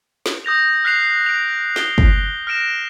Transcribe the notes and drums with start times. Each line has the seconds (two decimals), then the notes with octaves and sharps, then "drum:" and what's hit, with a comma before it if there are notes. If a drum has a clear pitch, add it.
0.26 drum: snare
0.45 D#6 G6 A#6 F7
0.84 F6 F#6 B6 C7 F7
1.26 D7 F7
1.76 G7, drum: snare
1.98 drum: kick G1
2.47 F6 A#6 D7 E7